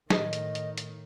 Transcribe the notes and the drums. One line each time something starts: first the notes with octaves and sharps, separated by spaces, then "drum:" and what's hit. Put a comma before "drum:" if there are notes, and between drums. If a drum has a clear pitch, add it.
A2 D#3 G#4 D#5, drum: snare
drum: hi-hat
drum: hi-hat
drum: hi-hat